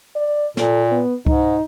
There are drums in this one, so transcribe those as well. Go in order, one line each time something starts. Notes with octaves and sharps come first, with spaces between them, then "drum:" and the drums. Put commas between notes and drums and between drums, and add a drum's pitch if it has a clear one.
D5
A#2 A4, drum: snare
B3
G#2 D#4, drum: kick C#2